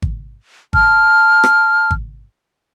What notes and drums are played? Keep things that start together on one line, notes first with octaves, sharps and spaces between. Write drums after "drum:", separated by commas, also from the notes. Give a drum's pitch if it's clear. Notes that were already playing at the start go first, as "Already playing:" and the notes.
drum: kick G#1
A5 F6, drum: kick G#1
drum: rim click
drum: kick G#1